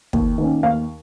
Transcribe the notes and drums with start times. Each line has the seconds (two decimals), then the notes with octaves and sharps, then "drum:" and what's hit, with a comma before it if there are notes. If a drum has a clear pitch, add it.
0.13 D#2, drum: kick
0.38 D#3 A#3 C#4
0.63 D#2 F5